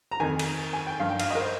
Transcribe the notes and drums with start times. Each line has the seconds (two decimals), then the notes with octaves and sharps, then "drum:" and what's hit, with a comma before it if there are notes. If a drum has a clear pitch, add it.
0.11 A#5
0.20 F2 D#3 G#5
0.39 drum: cymbal
0.73 G#5
0.87 G5
1.00 G2 F3 F5
1.10 G5
1.20 F5, drum: cymbal
1.30 D#5
1.35 A#4
1.40 C5